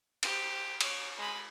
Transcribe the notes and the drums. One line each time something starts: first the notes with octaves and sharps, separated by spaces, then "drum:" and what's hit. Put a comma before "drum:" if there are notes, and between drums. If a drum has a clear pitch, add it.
G4 C5, drum: cymbal
C#5 D6, drum: cymbal
G#3 B5